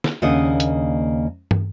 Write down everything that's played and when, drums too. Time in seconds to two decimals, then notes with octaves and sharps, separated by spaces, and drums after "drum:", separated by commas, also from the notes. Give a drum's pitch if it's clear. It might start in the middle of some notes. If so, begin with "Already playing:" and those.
0.04 drum: snare
0.22 D#2 C#3 A#3 D4 D#5 F#5
0.60 drum: hi-hat
1.51 drum: tom